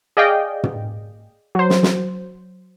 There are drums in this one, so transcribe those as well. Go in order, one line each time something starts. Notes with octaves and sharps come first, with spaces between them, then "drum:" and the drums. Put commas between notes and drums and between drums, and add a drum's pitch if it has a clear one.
G#4 D5 D#5 F5 G5
drum: tom
F#3 C5
drum: snare
drum: snare